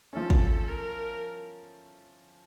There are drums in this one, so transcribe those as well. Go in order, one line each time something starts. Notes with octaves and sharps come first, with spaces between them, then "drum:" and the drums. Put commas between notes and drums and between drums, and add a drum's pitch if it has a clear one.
F3 A3 C#4 A4
drum: kick
A#4